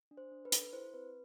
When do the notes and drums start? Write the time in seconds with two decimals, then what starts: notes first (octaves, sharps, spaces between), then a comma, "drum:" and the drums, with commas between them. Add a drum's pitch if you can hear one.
0.11 D4
0.17 C5
0.32 D4
0.45 B4
0.52 A4, drum: hi-hat
0.73 E4 C5
0.93 C4 B4